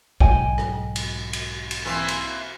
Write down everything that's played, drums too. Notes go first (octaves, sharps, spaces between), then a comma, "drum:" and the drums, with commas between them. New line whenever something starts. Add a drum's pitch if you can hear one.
B1 G#2 D#5 G5 G#5, drum: kick
drum: rim click
drum: cymbal
drum: cymbal
drum: cymbal
E3 A#3 C4
drum: cymbal